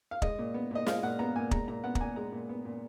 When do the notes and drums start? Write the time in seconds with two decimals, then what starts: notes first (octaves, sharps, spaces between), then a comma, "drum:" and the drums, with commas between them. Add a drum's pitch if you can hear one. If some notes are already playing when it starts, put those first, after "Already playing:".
0.11 F5
0.22 G#3 D#5, drum: kick
0.39 A#2
0.54 B3
0.71 A#2 D#5
0.86 G#3 F5, drum: snare
1.03 A#2 F#5
1.19 B3 A#5
1.36 A#2 G#5
1.51 G#3 A#5, drum: kick
1.68 A#2 A#5
1.84 B3 F#5
1.95 A#5, drum: kick
2.00 A#2 G#5
2.16 G#3 A#5
2.32 A#2
2.49 B3
2.65 A#2